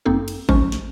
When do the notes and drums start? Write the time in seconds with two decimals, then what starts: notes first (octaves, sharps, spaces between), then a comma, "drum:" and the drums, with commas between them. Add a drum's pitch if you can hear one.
0.06 G1 F#2 A#3 C4 D#4 A4
0.28 drum: cymbal
0.49 B1 F3 G#3 C#4 C5 C#6, drum: kick G#1
0.72 drum: snare